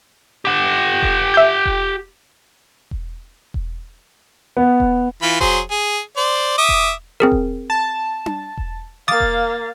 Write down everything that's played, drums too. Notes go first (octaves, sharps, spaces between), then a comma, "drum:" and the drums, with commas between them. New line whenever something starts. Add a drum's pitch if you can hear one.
G4 F#5
drum: kick E1
E5 G6
drum: kick E1
drum: kick E1
drum: kick E1
B3
drum: kick E1
E3 F4 B5
F#3 G#4 C5, drum: kick E1
G#4
C5 D5
E5 D6 D#6
drum: kick E1
C4 G#4 A#4
drum: kick E1
A5
drum: tom D4
drum: kick E1
A#3 F5 D6 D#6 A6
drum: kick E1